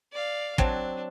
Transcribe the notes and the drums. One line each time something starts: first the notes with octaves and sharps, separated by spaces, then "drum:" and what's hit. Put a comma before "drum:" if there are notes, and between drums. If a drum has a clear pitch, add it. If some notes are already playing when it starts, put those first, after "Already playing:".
D5 F5
F#3 C4 D4 A5, drum: kick